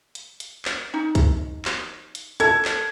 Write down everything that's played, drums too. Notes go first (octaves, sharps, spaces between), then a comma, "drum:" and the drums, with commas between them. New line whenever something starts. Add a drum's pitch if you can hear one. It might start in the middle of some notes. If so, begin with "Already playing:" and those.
drum: hi-hat
drum: hi-hat
drum: clap
D#4
drum: kick C2, hi-hat
drum: clap
drum: hi-hat
A4 A5 G#6, drum: hi-hat
drum: clap